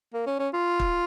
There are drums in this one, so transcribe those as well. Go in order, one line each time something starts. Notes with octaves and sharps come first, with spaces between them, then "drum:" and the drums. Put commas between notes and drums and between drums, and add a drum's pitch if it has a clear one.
A#3
C#4
C#4
F4
drum: kick